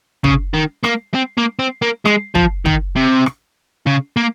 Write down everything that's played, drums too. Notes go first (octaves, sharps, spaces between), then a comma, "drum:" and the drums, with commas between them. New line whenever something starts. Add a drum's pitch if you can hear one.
C#3, drum: kick
D#3
A#3, drum: rim click
C4
A#3
C4
A#3
G#3, drum: rim click
F3, drum: kick
D#3, drum: kick
C3
drum: rim click
C#3
A#3